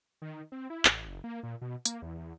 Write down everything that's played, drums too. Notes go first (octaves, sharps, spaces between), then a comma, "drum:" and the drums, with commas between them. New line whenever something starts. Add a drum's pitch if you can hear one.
D#3
C4
E4
A1, drum: clap
F#1
A#3
A#2
B2
A#3, drum: hi-hat
E2
E2